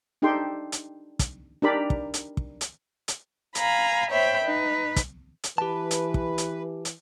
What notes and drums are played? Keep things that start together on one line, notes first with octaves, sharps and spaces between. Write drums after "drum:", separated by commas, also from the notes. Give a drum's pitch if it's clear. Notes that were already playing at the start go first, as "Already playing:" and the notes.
D4 D#4 G4 A4 G5 C6
drum: hi-hat
drum: kick, hi-hat
D4 D#4 G4 A#4 D5 B5
drum: kick
drum: hi-hat
drum: kick
drum: hi-hat
drum: hi-hat
F5 G#5 A#5 B5, drum: hi-hat
C5 C#5 E5 G5 B5
D#4 B4
drum: kick, hi-hat
drum: hi-hat
E3 G4 B4 A5
drum: hi-hat
drum: kick
drum: hi-hat
drum: hi-hat